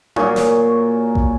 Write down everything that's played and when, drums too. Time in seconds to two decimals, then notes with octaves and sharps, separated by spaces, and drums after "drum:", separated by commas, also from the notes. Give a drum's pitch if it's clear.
0.16 A#2 F#3 G#4 C#5, drum: tom D4
0.36 drum: snare
1.15 drum: kick